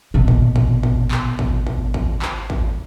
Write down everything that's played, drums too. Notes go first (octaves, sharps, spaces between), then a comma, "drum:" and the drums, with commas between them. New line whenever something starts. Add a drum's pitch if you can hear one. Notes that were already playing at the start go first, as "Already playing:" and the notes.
A#1 B2
drum: kick
drum: kick
drum: kick
drum: clap
drum: kick
drum: kick
drum: kick
drum: clap
drum: kick